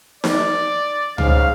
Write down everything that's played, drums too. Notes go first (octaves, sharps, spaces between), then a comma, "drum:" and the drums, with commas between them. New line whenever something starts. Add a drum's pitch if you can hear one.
D5, drum: snare D#4
G#2 C#3 F5, drum: tom C#2